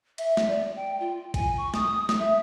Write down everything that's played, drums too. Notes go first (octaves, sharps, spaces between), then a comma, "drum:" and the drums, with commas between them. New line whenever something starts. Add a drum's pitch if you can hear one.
E5, drum: cymbal
drum: snare
D5
G5
F4
G#5, drum: kick, cymbal
C#6
D#6, drum: snare
drum: snare
E5